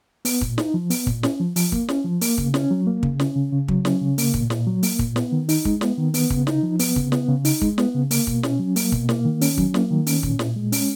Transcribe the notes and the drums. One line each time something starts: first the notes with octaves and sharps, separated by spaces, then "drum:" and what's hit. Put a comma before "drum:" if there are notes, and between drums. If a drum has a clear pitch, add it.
B3, drum: open hi-hat
A#2, drum: kick
D#4, drum: snare
F3
B3, drum: open hi-hat
A#2, drum: kick
C#4, drum: snare
F3
F3, drum: open hi-hat
A#3, drum: kick
C#4, drum: snare
F3
A#3, drum: open hi-hat
C#3, drum: kick
C#4, drum: snare
F#3
A#3
C#3, drum: kick
C#4, drum: snare
C#3
C#3
F#3, drum: kick
C#4, drum: snare
C#3
A#3, drum: open hi-hat
A#2, drum: kick
A#2, drum: snare
F#3
A#3, drum: open hi-hat
A#2, drum: kick
B3, drum: snare
D#3
D#4, drum: open hi-hat
G#3, drum: kick
B3, drum: snare
D#3
B3, drum: open hi-hat
C#3, drum: kick
D#4, drum: snare
F3
B3, drum: open hi-hat
C#3, drum: kick
B3, drum: snare
C#3
D#4, drum: open hi-hat
G#3, drum: kick
B3, drum: snare
C#3
A#3, drum: open hi-hat
B2, drum: kick
C#4, drum: snare
F#3
A#3, drum: open hi-hat
B2, drum: kick
A#3, drum: snare
D#3
C#4, drum: open hi-hat
F#3, drum: kick
A#3, drum: snare
D#3
C#4, drum: open hi-hat
A#2, drum: kick
A#2, drum: snare
G#3
C#4, drum: open hi-hat